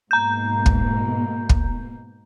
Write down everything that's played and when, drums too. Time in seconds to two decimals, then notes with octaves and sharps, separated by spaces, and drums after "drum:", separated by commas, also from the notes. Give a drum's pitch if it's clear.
0.11 G#2 B2 A#3 A#5 G6
0.66 drum: kick
1.49 drum: kick